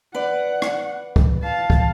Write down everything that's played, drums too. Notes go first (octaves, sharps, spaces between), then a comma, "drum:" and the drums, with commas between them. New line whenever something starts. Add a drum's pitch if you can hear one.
B4 D5 F#5
drum: rim click
drum: kick
F5 A5
drum: kick